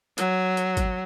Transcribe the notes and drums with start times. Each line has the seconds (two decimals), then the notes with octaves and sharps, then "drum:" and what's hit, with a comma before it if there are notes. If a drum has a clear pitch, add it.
0.18 F#3, drum: hi-hat
0.57 drum: hi-hat
0.77 drum: kick G#1, hi-hat